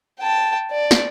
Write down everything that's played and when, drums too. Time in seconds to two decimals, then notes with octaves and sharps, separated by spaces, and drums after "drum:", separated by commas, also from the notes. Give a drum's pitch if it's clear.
0.20 G5 A5
0.71 D5
0.91 drum: snare